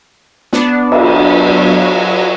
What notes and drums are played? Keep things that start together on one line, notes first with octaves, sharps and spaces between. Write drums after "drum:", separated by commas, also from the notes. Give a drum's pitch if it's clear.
B3 D4, drum: snare
F#3, drum: cymbal